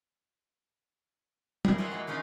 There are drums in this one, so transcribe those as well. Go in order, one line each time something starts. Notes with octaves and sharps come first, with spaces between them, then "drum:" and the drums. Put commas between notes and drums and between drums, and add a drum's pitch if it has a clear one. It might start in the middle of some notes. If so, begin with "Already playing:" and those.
G3 E4 G#4 A#4, drum: tom
F4 G#4 A4 C#5 F#5
E3 F#3 G#3 A#3
G#3 A3 C#4 D#4 F4